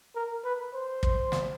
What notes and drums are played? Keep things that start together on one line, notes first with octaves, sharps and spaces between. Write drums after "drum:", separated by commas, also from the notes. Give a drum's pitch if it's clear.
A#4
B4
C5
drum: kick
drum: snare